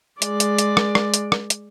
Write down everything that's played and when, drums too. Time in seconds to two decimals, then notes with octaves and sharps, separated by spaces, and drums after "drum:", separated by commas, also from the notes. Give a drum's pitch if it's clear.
0.22 G#3 D5, drum: hi-hat
0.40 drum: hi-hat
0.59 drum: hi-hat
0.77 drum: rim click
0.95 drum: rim click
1.14 drum: hi-hat
1.32 drum: rim click
1.50 drum: hi-hat